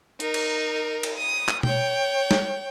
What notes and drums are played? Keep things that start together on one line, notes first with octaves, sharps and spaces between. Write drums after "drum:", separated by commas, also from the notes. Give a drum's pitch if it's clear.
D#4 A#4, drum: hi-hat
drum: cymbal
drum: cymbal
D#6
drum: clap
C#5 G5, drum: tom B2
drum: snare